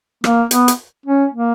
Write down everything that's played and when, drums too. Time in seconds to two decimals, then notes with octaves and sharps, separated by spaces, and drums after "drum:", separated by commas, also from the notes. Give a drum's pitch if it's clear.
0.24 A#3, drum: rim click
0.51 B3, drum: hi-hat
0.68 drum: hi-hat
1.06 C#4
1.34 A#3